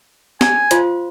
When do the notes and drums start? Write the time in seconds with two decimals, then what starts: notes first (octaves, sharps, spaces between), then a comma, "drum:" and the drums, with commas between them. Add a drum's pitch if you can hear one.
0.41 G#5, drum: snare
0.71 F4 C5 F5 C6, drum: hi-hat